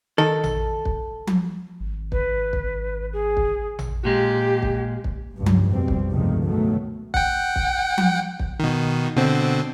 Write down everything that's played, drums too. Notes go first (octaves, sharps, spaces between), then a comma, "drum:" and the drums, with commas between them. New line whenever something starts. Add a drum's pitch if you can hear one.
D#3 A4
drum: tom A1
drum: kick
drum: tom F3
G#1
B4, drum: kick
drum: kick
G#4
drum: kick
drum: tom A1
A#2 G#3 G4
drum: kick
drum: kick
C#2 G2
drum: tom F3
F2 B2 G3 C4
drum: kick
C#2 G2 C3 D#3 F3 A3
B2 D#3 F#3 A3
F#5 G5, drum: kick
drum: kick
drum: tom F3
drum: kick
B2 D#3
B2 D3 C4